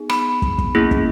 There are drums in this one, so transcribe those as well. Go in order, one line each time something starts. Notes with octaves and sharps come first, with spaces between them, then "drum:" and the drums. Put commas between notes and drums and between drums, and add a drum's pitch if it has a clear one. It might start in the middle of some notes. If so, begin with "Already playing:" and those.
Already playing: B3 D#4 G#4
B5, drum: rim click
drum: kick
drum: kick
A#3 C#4 E4 G#4
drum: kick